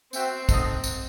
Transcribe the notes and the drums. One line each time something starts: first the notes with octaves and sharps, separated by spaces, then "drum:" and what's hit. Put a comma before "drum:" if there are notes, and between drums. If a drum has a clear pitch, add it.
C4 F#4 C5 E5 G5, drum: tambourine
D#4 A4 D#5 F#5, drum: kick, tambourine
drum: tambourine